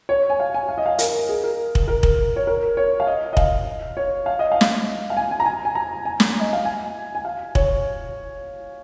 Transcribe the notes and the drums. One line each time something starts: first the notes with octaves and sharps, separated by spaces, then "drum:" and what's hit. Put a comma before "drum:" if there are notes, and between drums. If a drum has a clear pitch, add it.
C#5
G#5
F5
G#5
F5
D#5
F5
A#4, drum: hi-hat
G#4
A#4
drum: kick
A#4
drum: kick
C#5
A#4
C#5
F5
D#5
D#5
F5, drum: kick
C#5
F5
D#5
F5
drum: snare
F5
G#5
G#5
A#5
G#5
G#5
A#5
G#5
drum: snare
D#5
F5
G#5
G#5
F5
C#5, drum: kick